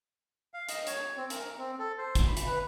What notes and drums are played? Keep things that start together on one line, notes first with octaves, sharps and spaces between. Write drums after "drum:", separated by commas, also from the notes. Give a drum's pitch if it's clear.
F5
D#5, drum: hi-hat
C#5, drum: hi-hat
C4
A#4, drum: hi-hat
C4
A4
C5
drum: kick, hi-hat
B5
drum: hi-hat
B4